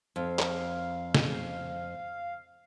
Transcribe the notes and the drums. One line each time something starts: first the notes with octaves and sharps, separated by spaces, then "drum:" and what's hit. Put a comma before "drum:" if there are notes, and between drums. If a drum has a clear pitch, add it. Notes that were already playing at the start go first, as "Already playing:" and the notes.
F2 F5
drum: clap
drum: snare